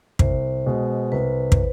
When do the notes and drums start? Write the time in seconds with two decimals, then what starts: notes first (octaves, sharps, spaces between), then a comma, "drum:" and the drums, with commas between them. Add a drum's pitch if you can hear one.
0.19 C2 C5, drum: kick
0.66 B2 G#3
1.12 C2 B4
1.52 drum: kick